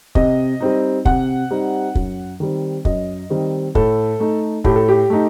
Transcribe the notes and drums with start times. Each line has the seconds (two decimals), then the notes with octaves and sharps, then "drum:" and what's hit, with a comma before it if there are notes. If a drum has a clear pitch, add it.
0.15 C3 D#5, drum: kick
0.60 G3 C4 D#4
1.05 C3 F#5, drum: kick
1.51 G3 C4 D#4
1.95 F#2, drum: kick
2.40 D#3 G3 C4
2.85 F#2 D#5, drum: kick
3.30 D#3 G3 C4
3.75 A2 A4, drum: kick
4.20 A3 D#4
4.64 A2 G4, drum: kick
4.76 A4
4.89 G4
5.10 A3 D#4